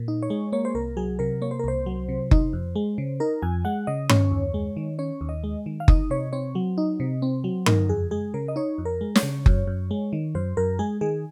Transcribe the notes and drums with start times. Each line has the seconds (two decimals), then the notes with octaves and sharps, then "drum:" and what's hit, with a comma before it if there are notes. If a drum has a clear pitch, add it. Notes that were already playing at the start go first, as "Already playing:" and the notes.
Already playing: A#2
0.08 D#4
0.22 C#5
0.30 G#3
0.52 A#3 C#5
0.65 C5
0.75 C2 A#4
0.97 F#3 G#4
1.19 C3 A#4
1.42 A#3 C#5
1.51 C5
1.59 A#4
1.64 C2 C5
1.86 F#3
2.09 C3
2.31 D#4, drum: kick F#1
2.53 F2
2.76 G#3
2.98 C#3
3.20 D#4 A#4
3.42 F2 G#5
3.65 G#3 F#5
3.87 C#3 D#5
4.09 C#4 C#5, drum: tom G2
4.31 D#2
4.54 G#3
4.77 D#3
4.99 C#4 C#5
5.21 D#2
5.29 D#5
5.44 G#3
5.66 D#3
5.80 F5
5.88 D#4 D#5, drum: kick F#1
6.10 C3 C#5
6.33 C4 C#5
6.55 F#3
6.78 D#4
7.00 C3
7.22 C4
7.44 F#3
7.66 D#4 A#4, drum: tom G2
7.89 F2 G#4
8.11 G#3 G#4
8.34 C#3 A#4
8.48 D#5
8.56 D#4 C#5
8.78 F2
8.85 A#4
9.01 G#3
9.15 C#5, drum: snare
9.23 C#3
9.46 F#2, drum: kick F#1
9.67 F#2
9.91 G#3
10.13 D#3
10.35 F#2 C5
10.57 F#2 A#4
10.79 G#3 G#4
11.01 D#3 G#4